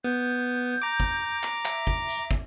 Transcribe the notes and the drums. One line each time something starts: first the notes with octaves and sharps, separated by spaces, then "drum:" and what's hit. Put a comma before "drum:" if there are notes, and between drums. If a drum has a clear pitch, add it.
B3 G6
A#5 D6
drum: kick
drum: clap
E5, drum: clap
drum: kick
drum: tambourine
drum: kick